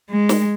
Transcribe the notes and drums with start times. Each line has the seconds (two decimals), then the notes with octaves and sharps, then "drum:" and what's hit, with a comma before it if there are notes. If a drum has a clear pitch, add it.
0.10 G#3
0.29 drum: snare